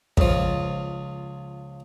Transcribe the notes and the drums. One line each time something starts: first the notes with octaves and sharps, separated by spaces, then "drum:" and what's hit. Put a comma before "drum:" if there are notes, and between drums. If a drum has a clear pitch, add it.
C#2 F3, drum: kick